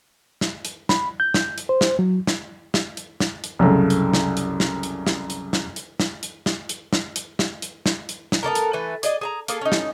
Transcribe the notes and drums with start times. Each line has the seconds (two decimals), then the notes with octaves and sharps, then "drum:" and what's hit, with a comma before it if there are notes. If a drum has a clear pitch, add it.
0.41 drum: snare
0.65 drum: hi-hat
0.89 B5, drum: snare
1.20 G6
1.34 drum: snare
1.58 drum: hi-hat
1.69 C5
1.81 drum: snare
1.99 F#3
2.27 drum: snare
2.74 drum: snare
2.97 drum: hi-hat
3.20 drum: snare
3.44 drum: hi-hat
3.59 C2 F#2 C#3 A3
3.90 drum: hi-hat
4.13 drum: snare
4.37 drum: hi-hat
4.60 drum: snare
4.83 drum: hi-hat
5.07 drum: snare
5.30 drum: hi-hat
5.53 drum: snare
5.76 drum: hi-hat
6.00 drum: snare
6.23 drum: hi-hat
6.46 drum: snare
6.69 drum: hi-hat
6.93 drum: snare
7.16 drum: hi-hat
7.39 drum: snare
7.62 drum: hi-hat
7.86 drum: snare
8.09 drum: hi-hat
8.32 drum: snare
8.43 B3 D4 A4 A#4
8.55 drum: hi-hat
8.73 E3 A3 B4 G#5
9.03 G#4 D5 D#5, drum: hi-hat
9.21 G#4 A5 A#5
9.48 A#3 G#4 A4, drum: hi-hat
9.61 C#4 D#4
9.72 drum: snare